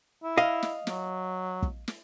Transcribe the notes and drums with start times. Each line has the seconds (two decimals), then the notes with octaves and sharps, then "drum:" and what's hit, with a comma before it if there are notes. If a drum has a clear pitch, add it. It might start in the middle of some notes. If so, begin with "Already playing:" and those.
0.23 E4
0.38 D#5 F5
0.63 drum: snare
0.87 F#3, drum: snare
1.63 drum: kick
1.88 drum: snare